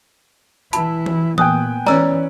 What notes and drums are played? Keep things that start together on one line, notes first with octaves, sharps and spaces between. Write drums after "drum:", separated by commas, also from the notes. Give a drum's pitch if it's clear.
E3 E4 A5 B5, drum: hi-hat
drum: tom E3
A#2 B3 G5 G#5 D#6 F#6, drum: tom E3
E3 C#4 D5 A#5 E6, drum: snare